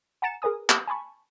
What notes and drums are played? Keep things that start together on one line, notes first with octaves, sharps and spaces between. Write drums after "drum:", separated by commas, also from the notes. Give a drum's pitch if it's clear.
F#5 G#5 A#5 A6 C#7 E7
G#4 A#4 B4 G#5 D#6
G4 E7, drum: clap
G#5 A5 B5 C#6